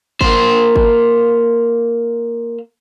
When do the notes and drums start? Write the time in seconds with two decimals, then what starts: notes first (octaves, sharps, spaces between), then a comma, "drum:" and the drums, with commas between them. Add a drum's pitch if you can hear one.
0.21 A#3 C5, drum: kick G1
0.76 drum: kick G1